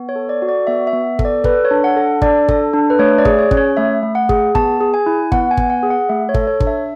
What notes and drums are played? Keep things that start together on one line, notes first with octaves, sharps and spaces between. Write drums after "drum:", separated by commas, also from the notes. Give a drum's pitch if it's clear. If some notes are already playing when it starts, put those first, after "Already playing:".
Already playing: B3
C#5
A4
D5
F#4
D5
B3 E5
E5
B3
A4, drum: kick
D5
A4 B4, drum: kick
C#5
D4
F#5
A4
D4 D5, drum: kick
A4, drum: kick
D4
B4
A3 C#5
D5
G#4, drum: kick
C#5
C#4, drum: kick
C#5
A3 E5
A3
F#5
G#4, drum: kick
B3 A5, drum: kick
G#4
G#5
E4
B3 F#5, drum: kick
G#5
B3, drum: kick
F#5
G#4
F#5
A3 E5
C#5
A4, drum: kick
C#5
D4, drum: kick
E5